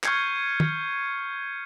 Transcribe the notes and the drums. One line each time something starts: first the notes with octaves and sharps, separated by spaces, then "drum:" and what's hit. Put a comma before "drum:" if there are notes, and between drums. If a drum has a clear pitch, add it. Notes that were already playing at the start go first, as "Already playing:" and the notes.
C#6 F6 G6 G#6 C7 C#7, drum: clap
drum: tom